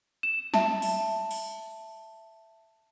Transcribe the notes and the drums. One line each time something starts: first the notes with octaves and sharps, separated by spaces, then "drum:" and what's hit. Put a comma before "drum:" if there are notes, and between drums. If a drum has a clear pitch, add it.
E7
E5 A5, drum: snare
drum: open hi-hat
drum: open hi-hat